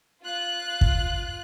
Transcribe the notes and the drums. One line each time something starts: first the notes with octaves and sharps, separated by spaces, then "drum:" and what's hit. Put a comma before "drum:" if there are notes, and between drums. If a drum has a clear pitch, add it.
F4 F#6
drum: kick